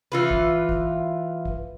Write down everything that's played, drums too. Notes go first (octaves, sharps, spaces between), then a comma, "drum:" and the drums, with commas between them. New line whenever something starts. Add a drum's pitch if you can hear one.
E3 F4 B4
drum: kick
drum: kick
drum: kick